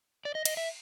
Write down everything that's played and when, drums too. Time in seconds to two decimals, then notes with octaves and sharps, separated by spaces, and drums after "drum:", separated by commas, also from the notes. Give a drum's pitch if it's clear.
0.25 D5
0.35 D#5
0.45 D#5, drum: cymbal
0.57 E5